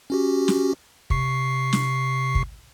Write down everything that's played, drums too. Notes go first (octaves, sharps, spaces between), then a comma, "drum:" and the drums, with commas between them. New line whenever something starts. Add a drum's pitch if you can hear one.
C#4 F#4 G4
drum: snare
C3 C#6 C7, drum: kick
drum: snare
drum: kick